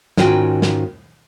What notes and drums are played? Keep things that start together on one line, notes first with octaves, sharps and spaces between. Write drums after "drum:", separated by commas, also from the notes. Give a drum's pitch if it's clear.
G#2 D#3 C#4 F4 F#4 G5, drum: snare
drum: snare